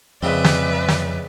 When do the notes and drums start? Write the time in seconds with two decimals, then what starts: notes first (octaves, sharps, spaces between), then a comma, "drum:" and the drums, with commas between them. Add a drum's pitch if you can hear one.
0.22 F2 C#3 G#3 C4 B4 D5 E5
0.44 drum: snare
0.88 drum: snare